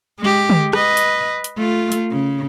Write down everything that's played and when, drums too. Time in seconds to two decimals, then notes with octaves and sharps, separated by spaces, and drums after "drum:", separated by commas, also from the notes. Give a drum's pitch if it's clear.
0.20 G#3 G4
0.50 drum: tom D3
0.73 B4 D#5, drum: rim click
0.97 drum: hi-hat
1.44 drum: hi-hat
1.57 A3 F4
1.92 drum: hi-hat
2.11 C#3